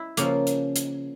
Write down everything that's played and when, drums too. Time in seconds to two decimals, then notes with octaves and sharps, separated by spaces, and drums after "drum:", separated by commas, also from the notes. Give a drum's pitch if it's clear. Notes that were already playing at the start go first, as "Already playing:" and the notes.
Already playing: E4
0.17 C#3 F3 A#3, drum: hi-hat
0.47 drum: hi-hat
0.76 drum: hi-hat